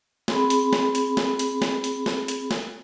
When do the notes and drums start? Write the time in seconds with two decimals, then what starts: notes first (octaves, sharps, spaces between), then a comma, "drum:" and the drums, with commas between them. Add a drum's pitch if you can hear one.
0.28 C4 G#4 B5, drum: snare
0.50 drum: hi-hat
0.73 drum: snare
0.95 drum: hi-hat
1.17 drum: snare
1.39 drum: hi-hat
1.62 drum: snare
1.84 drum: hi-hat
2.06 drum: snare
2.28 drum: hi-hat
2.51 drum: snare